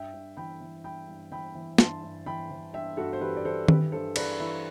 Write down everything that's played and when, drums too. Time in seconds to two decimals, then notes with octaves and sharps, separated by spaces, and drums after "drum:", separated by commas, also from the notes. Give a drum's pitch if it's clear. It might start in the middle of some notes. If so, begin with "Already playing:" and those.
Already playing: G2 E5 G5
0.13 G2
0.37 E3 G5 B5
0.61 E3
0.84 G2 G5 B5
1.07 G2
1.32 E3 G5 B5
1.55 E3
1.78 G2 A5 C6, drum: snare
2.03 G2
2.26 E3 G5 B5
2.51 E3
2.74 G2 E5 G5
2.97 G2 F#4 A4
3.13 C5
3.21 E3 G4 B4
3.37 D5
3.45 E3 A4 C5
3.68 G2 G4 B4, drum: tom D#3
3.92 G2 A4 C5
4.16 E3 B4 D5, drum: cymbal
4.39 E3 E4